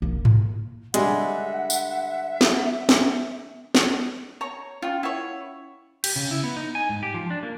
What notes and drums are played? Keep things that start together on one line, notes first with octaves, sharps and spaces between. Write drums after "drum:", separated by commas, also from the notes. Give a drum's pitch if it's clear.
A#3
drum: tom G#2
D3 G3 G#3 E5 F#5, drum: hi-hat
drum: tambourine
drum: snare
drum: snare
drum: snare
C#5 A#5
C#4 F4 G5
E4 C#5 F#5
G4, drum: cymbal
C#3
E4
B3
D#4
G#5
G#2
G4
F3
D4
A#3